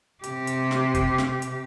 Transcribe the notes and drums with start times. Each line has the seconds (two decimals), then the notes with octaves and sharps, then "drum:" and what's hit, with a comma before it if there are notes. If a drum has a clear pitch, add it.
0.24 C3 G4, drum: hi-hat
0.47 drum: hi-hat
0.71 drum: snare
0.95 drum: kick, hi-hat
1.18 drum: snare
1.42 drum: hi-hat